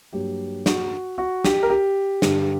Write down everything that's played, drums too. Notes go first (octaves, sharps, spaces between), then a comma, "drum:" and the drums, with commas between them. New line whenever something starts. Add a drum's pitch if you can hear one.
G2 F#3 A#3 G4
F#4, drum: snare
F#4
G4, drum: snare
A#4
G4
G2 D3 G3, drum: snare